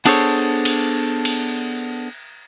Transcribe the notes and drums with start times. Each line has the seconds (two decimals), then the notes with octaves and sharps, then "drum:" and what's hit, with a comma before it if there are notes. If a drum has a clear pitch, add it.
0.05 B3 D4 G#4 A4 C5 C#5, drum: cymbal
0.65 drum: cymbal
1.25 drum: cymbal